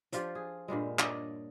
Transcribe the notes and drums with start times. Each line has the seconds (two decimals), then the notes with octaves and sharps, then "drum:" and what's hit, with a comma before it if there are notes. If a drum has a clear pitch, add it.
0.12 F3 D4 F4 G4, drum: hi-hat
0.35 G#4
0.68 G2 A#2 G3 G#3
0.99 D4 C#5 D#5, drum: clap